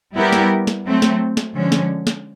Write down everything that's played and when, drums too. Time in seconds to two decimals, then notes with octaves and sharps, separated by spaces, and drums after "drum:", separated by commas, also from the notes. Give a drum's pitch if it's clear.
0.15 G3 B3 E4 G4 A#4
0.33 drum: snare
0.67 drum: snare
0.85 F#3 A3 C4
1.02 drum: snare
1.37 drum: snare
1.54 D3 F3 G#3 C#4
1.72 drum: snare
2.07 drum: snare